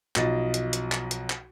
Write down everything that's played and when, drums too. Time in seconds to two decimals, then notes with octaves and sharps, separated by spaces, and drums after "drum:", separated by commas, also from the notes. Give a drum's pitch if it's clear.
0.16 B1 F3 D#5 A6, drum: clap
0.54 drum: hi-hat
0.73 drum: hi-hat
0.92 drum: clap
1.11 drum: hi-hat
1.30 drum: clap